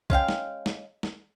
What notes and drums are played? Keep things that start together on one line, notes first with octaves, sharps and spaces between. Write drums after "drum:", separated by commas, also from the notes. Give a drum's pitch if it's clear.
G#3 C#4 F5 G5, drum: kick
drum: snare
drum: snare
drum: snare